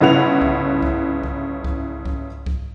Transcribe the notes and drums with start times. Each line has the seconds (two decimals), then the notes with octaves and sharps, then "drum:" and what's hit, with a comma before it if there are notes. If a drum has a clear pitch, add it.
0.01 G1 C#3 E4 B4 F#5 F7
0.41 drum: kick C2
0.82 drum: kick C2
1.23 drum: kick C2
1.64 drum: kick C2
2.05 drum: kick C2
2.46 drum: kick C2